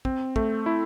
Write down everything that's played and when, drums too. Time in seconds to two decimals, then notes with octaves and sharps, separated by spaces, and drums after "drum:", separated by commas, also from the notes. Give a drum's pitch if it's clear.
0.05 C4, drum: kick
0.36 A3, drum: kick
0.66 E4